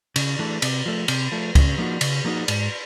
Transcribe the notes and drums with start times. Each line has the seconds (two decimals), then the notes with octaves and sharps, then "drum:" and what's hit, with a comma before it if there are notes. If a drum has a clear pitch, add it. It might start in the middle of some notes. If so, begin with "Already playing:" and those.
0.16 C#3, drum: cymbal
0.39 E3 A3 D4
0.62 C3, drum: cymbal
0.86 F3 A3
1.08 C3, drum: cymbal
1.32 F3 A3
1.55 C#3, drum: kick, cymbal
1.78 F3 A#3 D#4 F#4
2.01 C#3, drum: cymbal
2.24 F3 A#3 D#4 F#4
2.48 G#2, drum: cymbal